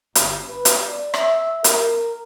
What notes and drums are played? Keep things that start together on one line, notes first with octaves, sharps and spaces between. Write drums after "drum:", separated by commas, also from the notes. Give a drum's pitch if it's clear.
G1, drum: hi-hat
B4
drum: hi-hat
D5
E5, drum: rim click
A#4, drum: hi-hat